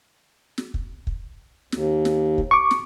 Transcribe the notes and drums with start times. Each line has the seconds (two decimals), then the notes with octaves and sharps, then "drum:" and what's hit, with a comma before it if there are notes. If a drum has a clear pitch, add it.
0.58 drum: snare
0.74 drum: kick
1.07 drum: kick
1.72 D#2, drum: snare
2.05 drum: snare
2.38 drum: kick
2.51 C#6 D6
2.71 drum: snare